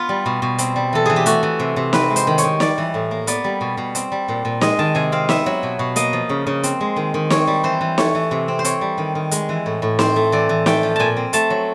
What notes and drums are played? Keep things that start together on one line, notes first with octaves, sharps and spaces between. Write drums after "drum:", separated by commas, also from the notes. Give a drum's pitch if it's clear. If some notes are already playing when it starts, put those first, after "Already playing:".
Already playing: B3 F4
G3
B2
B2
C4, drum: hi-hat
G3
E3 A4
E3 G#4
G4
A3 F#4, drum: hi-hat
E3
C3
C3
C4 B4, drum: snare
G#3
C5, drum: hi-hat
D#3
C#5, drum: hi-hat
D#3
G3 D5, drum: snare
E3
A2
A#3
B3 D5, drum: hi-hat
G3
B2
B2
C4, drum: hi-hat
G3
A#2
A#2
G#3 D#5, drum: snare
D#3 A5
C3 G#5
C4 F5
B3 E5, drum: snare
F#3
B2
B2
A#3 D#5, drum: hi-hat
F3
C#3
C#3
C4, drum: hi-hat
G#3
D#3
D#3
C4 C#5, drum: snare
G3
E3 C5
E3
A3 C#5, drum: snare
E3
C3
C4
C5
C4 C#5, drum: hi-hat
G3
D#3
D#3
G#3, drum: hi-hat
E3
A2
A2
C4 C5, drum: snare
A3
E3 D5
E3
A3 G5, drum: snare
F3
A#2 G#5 A5
C4
A3 A5, drum: hi-hat
F#3